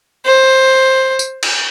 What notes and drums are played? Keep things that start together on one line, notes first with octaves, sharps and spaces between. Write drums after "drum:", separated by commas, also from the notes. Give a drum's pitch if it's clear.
C5
drum: tambourine
drum: cymbal